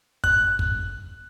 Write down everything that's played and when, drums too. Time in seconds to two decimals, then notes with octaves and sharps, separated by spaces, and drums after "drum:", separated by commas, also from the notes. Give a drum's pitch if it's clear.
0.24 F#6, drum: kick
0.59 drum: kick